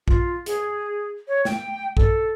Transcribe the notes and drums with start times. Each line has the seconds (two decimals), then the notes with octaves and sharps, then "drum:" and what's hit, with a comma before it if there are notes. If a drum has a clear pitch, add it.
0.08 F4, drum: kick A#1
0.46 G#4, drum: hi-hat
1.28 C#5
1.45 G5, drum: snare
1.97 A4, drum: kick A#1